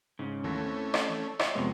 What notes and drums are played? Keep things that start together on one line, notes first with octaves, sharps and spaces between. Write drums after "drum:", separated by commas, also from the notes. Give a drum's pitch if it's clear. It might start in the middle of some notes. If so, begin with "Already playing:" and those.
G#2 C#3 C#4
D#2 E3 A3 C#4 A#6
C4
drum: rim click
C#5 E5 G5, drum: rim click
F2 C3 G#3 B3 C5 C#5